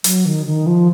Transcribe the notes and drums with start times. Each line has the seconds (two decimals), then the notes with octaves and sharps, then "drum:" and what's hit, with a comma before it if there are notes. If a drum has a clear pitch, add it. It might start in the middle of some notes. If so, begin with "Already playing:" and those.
0.04 F#3, drum: hi-hat
0.25 D#3
0.45 D#3
0.66 F3